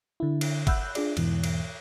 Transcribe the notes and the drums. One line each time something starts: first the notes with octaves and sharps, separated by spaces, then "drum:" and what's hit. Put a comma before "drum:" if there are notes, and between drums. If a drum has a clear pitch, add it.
D3 E4
drum: cymbal
E5 F#5 B5 E6 F#6 G6, drum: kick G#1, cymbal
D4 F4 G#4 D5, drum: cymbal
E2 G#2 B2 E3, drum: cymbal
drum: cymbal